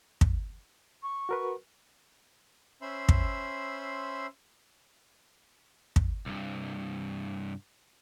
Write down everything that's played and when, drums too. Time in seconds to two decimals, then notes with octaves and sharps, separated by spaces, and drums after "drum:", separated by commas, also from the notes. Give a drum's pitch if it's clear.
0.21 drum: kick
1.02 C#6
1.29 F#4 A#4 B4
2.82 C#4 C5 E5 B5 C6 E6
3.09 drum: kick
5.96 drum: kick
6.26 C2 G2